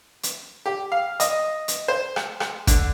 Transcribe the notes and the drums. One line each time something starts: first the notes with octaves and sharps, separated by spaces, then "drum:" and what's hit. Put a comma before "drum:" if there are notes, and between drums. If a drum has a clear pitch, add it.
drum: hi-hat
G4
F5
D#5, drum: hi-hat
drum: hi-hat
C5
drum: rim click
drum: rim click
D3, drum: kick, hi-hat